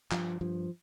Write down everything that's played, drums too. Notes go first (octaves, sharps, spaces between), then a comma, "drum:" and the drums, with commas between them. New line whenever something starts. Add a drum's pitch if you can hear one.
G2 F3, drum: clap
G2 F3